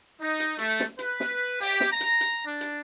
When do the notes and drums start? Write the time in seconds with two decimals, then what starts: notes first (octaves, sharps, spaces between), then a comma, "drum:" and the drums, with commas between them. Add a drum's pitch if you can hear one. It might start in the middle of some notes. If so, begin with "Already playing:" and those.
0.20 D#4
0.40 drum: hi-hat
0.58 A3, drum: hi-hat
0.80 drum: snare
0.99 B4, drum: hi-hat
1.20 drum: snare
1.60 G4, drum: open hi-hat
1.80 drum: snare
1.91 A#5
2.01 drum: hi-hat
2.21 drum: hi-hat
2.46 D4
2.61 drum: hi-hat